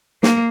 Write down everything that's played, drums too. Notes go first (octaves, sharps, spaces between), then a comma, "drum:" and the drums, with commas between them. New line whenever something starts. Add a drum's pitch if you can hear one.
A#3, drum: snare